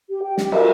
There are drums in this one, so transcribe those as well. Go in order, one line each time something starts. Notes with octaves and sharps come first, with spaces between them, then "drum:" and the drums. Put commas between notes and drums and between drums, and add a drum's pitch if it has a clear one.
G4
G5
G4, drum: snare
A#4, drum: cymbal